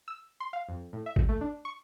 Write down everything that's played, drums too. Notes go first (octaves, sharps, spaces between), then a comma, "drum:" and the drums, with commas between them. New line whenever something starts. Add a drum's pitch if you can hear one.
E6
C6
F5
F2
A2
E5
drum: kick G#1
A3
D4
C#6